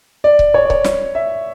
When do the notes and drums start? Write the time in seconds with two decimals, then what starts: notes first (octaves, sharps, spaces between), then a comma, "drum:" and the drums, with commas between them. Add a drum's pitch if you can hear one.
0.24 D5
0.39 drum: kick C#1
0.54 C#5
0.65 D5
0.70 C#5, drum: kick C#1
0.85 drum: snare
1.15 E5